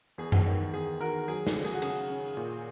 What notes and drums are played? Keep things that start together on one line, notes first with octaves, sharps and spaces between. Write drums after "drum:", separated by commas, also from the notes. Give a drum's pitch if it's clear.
E2 G#4
F#4, drum: tom F#2
D#3
E2 G#4
D#3 F#4 A#4
F#3 G#4
G#4, drum: snare
C#3
G#4
F#4
C#3 G#4, drum: cymbal
C#4
A#2